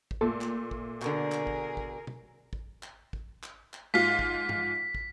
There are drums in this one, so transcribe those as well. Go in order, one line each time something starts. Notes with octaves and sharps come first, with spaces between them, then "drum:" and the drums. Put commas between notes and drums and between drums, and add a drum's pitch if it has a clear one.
drum: kick
A#2 A3 A4
drum: clap
drum: kick
B2 D3 G#4 A#4, drum: clap
drum: clap
drum: kick
drum: kick
drum: tom
drum: kick
drum: clap
drum: kick
drum: clap
drum: clap
G#2 F4 B6
drum: kick
drum: tom
drum: kick